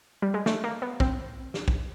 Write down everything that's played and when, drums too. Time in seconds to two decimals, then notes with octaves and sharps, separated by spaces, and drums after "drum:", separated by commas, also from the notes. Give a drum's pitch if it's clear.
0.22 G3
0.34 G#3
0.46 A3, drum: snare
0.64 A#3
0.82 B3
1.00 C4, drum: kick
1.54 drum: snare
1.68 drum: kick